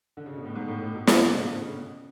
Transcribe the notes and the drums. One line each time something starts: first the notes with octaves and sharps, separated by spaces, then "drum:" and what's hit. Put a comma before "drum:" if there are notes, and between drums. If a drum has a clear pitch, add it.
D3
C#3
B2
A2
G#2
A2
A2
B2
A2, drum: snare
B2
C#3
B2
D3
C#3